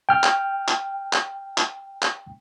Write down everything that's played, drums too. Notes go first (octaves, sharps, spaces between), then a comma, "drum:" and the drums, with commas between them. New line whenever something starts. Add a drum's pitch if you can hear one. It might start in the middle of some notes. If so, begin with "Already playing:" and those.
G5 F6
drum: clap
drum: clap
drum: clap
drum: clap
drum: clap